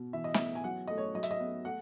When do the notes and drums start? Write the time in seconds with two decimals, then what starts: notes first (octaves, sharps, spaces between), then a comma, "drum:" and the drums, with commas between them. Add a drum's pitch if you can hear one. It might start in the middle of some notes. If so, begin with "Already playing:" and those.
Already playing: B2
0.13 E3 E5
0.24 D#5
0.34 B3 E5, drum: snare
0.55 G#5
0.64 F#3 F#5
0.88 A3 D#5
0.98 C#5
1.15 F#3 D#5
1.23 E5, drum: hi-hat
1.31 D#5
1.40 B3
1.65 A3 F#5